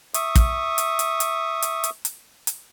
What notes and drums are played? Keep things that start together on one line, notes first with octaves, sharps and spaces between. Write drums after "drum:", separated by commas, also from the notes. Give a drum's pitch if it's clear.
E5 C#6 D#6, drum: hi-hat
drum: kick, hi-hat
drum: hi-hat
drum: hi-hat
drum: hi-hat
drum: hi-hat
drum: hi-hat
drum: hi-hat
drum: hi-hat